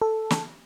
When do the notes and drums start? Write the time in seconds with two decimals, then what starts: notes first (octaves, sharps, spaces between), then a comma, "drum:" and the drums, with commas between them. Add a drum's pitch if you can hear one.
0.02 A4
0.30 drum: snare